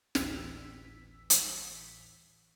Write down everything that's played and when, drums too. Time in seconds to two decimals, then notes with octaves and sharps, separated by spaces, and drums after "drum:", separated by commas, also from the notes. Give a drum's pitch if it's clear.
0.15 G#1 D2 A2 E3 E6 B6, drum: snare
1.30 drum: hi-hat